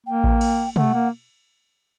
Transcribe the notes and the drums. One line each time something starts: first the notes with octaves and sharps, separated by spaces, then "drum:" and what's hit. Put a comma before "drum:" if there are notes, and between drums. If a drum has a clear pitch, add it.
A#3 G5
drum: kick A1
drum: cymbal
A3 F#5, drum: tom
A#3